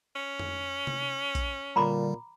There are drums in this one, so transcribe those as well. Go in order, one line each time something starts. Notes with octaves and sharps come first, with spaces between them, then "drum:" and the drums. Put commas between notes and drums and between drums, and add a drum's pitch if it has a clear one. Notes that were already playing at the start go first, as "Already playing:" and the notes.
C#4
drum: tom F2
drum: tom C3
drum: kick A#1, hi-hat
A#2 D3 G3 A#5 B5 D6